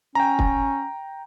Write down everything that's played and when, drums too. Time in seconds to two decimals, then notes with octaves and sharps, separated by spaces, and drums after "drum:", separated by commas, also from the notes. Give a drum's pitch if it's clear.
0.15 C#4 G5 A#5
0.39 drum: kick